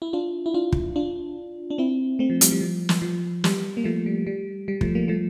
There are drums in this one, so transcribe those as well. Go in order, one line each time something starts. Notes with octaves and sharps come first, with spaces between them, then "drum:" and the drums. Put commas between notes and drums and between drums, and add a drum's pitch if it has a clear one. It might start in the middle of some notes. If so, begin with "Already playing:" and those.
E4
D4 F4
E4
D4 F4
drum: kick
D4 F4
D4
C4 E4
A3 C4
F3
G3, drum: hi-hat
G3
F3
drum: snare
F3
G3, drum: snare
A#3
F3 A3
G3
G3
G3
F3 A3, drum: kick
G3 A#3
F3 A3